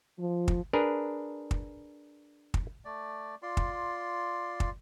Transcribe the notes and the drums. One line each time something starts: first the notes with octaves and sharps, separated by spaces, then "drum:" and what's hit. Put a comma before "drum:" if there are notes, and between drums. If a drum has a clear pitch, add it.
F3
drum: kick
D4 G#4 A#4 B4
drum: kick
drum: kick
A3 D5
F4 D5 C6
drum: kick
drum: kick